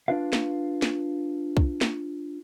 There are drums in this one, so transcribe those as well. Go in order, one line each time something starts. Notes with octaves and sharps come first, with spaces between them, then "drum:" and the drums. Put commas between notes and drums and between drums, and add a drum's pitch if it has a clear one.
D4 F4 B4 F5
drum: snare
drum: snare
drum: kick C2
drum: snare